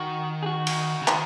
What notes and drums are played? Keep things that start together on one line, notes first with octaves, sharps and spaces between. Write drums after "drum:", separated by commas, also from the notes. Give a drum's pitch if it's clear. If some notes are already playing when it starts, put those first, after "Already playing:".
Already playing: D#3 F#4
G#4
F#4
drum: cymbal
C#3
D#3, drum: clap